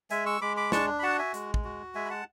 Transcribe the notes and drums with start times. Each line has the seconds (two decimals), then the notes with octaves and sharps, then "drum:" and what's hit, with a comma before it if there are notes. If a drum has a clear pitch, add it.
0.11 G#3 E5 G#5, drum: hi-hat
0.26 C#6 E6
0.41 G#3 B5 D6
0.57 B5 D6
0.72 D4 A5 C#6, drum: snare
0.99 B5
1.03 F#4 F#5 A5
1.19 E5 G#5
1.34 G#3, drum: hi-hat
1.54 drum: kick
1.64 F#4
1.95 G#3 E5 G#5
2.05 B5
2.10 F#5 A5